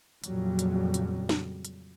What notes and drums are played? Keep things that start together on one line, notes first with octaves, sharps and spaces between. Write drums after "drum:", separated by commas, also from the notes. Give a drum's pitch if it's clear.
F2 A#2 C#3 F#3 G3, drum: hi-hat
drum: hi-hat
drum: hi-hat
drum: snare
drum: hi-hat